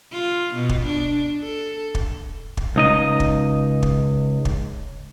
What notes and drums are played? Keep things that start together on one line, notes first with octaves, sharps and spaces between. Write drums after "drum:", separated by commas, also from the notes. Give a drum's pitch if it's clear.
F4
B2
drum: kick
D4
A4
drum: kick
drum: kick
C#2 D#4 D#5
drum: kick
drum: kick
drum: kick